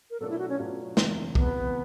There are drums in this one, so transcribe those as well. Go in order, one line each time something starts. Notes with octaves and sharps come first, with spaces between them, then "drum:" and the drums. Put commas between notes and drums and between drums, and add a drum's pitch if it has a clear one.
A#4
B2 F#3 A3 D4 F4 A4
E4
F#4
C#4
B2 F#3 A3 D4 F4
F#1 E2 C3 E3, drum: snare
F#1 E2 C3 E3 B3, drum: kick